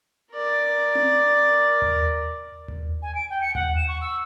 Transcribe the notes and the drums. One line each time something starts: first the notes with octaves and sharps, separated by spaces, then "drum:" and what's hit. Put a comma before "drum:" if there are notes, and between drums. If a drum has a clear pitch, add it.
A#4 D5
drum: tom C4
drum: tom D#2
drum: tom D#2
G#5
D7
G5
C#7
F#5, drum: tom D#2
E7
C#6
E6